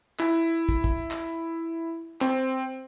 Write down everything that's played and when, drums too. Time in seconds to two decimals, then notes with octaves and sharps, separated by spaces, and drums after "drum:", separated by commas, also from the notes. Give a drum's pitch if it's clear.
0.20 E4, drum: clap
0.69 drum: kick
0.84 drum: kick
1.11 drum: clap
2.21 C4, drum: clap